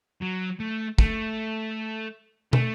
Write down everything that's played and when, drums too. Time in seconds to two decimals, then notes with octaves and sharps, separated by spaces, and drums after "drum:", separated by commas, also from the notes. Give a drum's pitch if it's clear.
0.21 F#3
0.60 A3
0.99 A3, drum: kick
2.53 A3, drum: tom